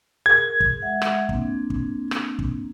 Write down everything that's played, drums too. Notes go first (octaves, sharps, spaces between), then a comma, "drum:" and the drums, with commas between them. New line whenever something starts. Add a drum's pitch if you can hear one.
G#4 A#4 G#6
drum: kick
G#3 E5 F#5
drum: rim click
A#3 C4 D4, drum: kick
drum: kick
drum: rim click
drum: kick